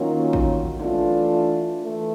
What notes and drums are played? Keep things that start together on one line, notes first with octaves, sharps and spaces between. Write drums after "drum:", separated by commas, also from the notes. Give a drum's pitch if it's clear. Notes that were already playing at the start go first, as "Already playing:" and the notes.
Already playing: D#3 F#3 A#3 C#4 F4
drum: kick A1
E3 A3 D4 F4, drum: tom
E3 A3